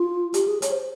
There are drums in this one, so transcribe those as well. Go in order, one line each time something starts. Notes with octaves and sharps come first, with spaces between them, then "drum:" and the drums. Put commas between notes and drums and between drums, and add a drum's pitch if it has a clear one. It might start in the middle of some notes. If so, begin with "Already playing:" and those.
Already playing: F4
G4, drum: hi-hat
G#4
C#5, drum: hi-hat
C5